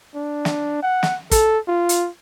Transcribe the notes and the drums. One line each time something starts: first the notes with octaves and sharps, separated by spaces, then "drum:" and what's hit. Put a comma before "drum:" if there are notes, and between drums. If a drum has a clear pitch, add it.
D4
drum: snare
F#5
drum: snare
A4, drum: kick, hi-hat
F4
drum: hi-hat